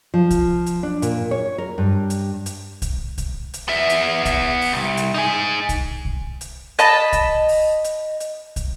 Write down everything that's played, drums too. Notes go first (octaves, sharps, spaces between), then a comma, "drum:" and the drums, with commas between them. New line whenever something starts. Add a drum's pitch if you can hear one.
F3
drum: kick, hi-hat
drum: hi-hat
D4
A#2, drum: hi-hat
C#5
A#4
G2
drum: hi-hat
drum: hi-hat
drum: kick, hi-hat
drum: kick, hi-hat
drum: hi-hat
B3 E5
drum: hi-hat
drum: kick, hi-hat
drum: open hi-hat
C2
drum: hi-hat
D#4 G#5
drum: kick, hi-hat
drum: kick
drum: hi-hat
D#5 A5 B5, drum: hi-hat
drum: kick, hi-hat
drum: open hi-hat
drum: hi-hat
drum: hi-hat
drum: kick, hi-hat